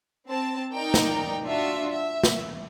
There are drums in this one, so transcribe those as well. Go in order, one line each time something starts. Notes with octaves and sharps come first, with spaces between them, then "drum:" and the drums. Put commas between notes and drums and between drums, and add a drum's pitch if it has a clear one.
C4 A5
D#4 A#4 D5 G5
drum: snare
D4 F4 F#4 E5
E5
drum: snare